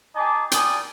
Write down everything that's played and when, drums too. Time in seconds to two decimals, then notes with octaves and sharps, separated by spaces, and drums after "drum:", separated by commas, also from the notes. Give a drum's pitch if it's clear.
0.15 D#4 G#4 D#5 G#5 A5 D6
0.51 G3 D5 G5 G#5 D#6, drum: hi-hat